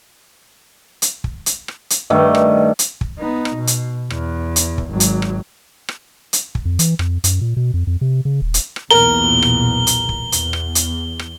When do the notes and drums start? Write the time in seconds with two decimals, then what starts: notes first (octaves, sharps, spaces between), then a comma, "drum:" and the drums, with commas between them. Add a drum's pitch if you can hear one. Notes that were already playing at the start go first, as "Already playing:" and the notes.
1.02 drum: hi-hat
1.24 drum: kick
1.46 drum: hi-hat
1.68 drum: rim click
1.90 drum: hi-hat
2.10 G2 D#3 A3
2.35 drum: rim click
2.79 drum: hi-hat
3.01 drum: kick
3.19 B3 D#4
3.45 drum: rim click
3.56 B2
3.67 drum: hi-hat
4.10 E2, drum: rim click
4.56 drum: hi-hat
4.78 drum: kick
4.91 G#1 F#3
5.00 drum: hi-hat
5.22 drum: rim click
5.89 drum: rim click
6.33 drum: hi-hat
6.55 drum: kick
6.65 F2
6.79 E3, drum: hi-hat
6.99 F2, drum: rim click
7.24 F#2, drum: hi-hat
7.41 A#2
7.57 B2
7.74 F2
7.87 F2
8.01 C3
8.25 C#3
8.42 D#1
8.54 drum: hi-hat
8.76 drum: rim click
8.91 B1 E2 A#2 A#4 G7
9.42 drum: rim click
9.87 drum: hi-hat
10.09 drum: kick
10.32 E2, drum: hi-hat
10.53 drum: rim click
10.75 drum: hi-hat
11.19 drum: rim click